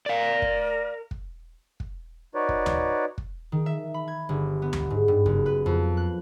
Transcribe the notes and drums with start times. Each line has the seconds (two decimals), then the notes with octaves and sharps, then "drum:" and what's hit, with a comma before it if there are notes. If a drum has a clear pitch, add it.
0.06 A#4 D5 F5
0.42 drum: kick
1.11 drum: kick
1.80 drum: kick
2.35 D#4 F#4 B4 C#5 D5
2.49 drum: kick
2.66 drum: tom D2
3.18 drum: kick
3.52 D#3
3.66 E5
3.94 B5
4.08 G#6
4.29 G1
4.62 B3
4.73 drum: tom D2
4.90 G#2
5.08 G2
5.26 F#1, drum: kick
5.46 B4
5.66 F2
5.97 F#6